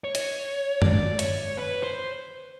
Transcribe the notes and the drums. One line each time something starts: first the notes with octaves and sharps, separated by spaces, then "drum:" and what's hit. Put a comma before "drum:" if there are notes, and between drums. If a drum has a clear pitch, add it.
C#5
drum: hi-hat
D5, drum: tom F#2
C#5, drum: hi-hat
B4
C5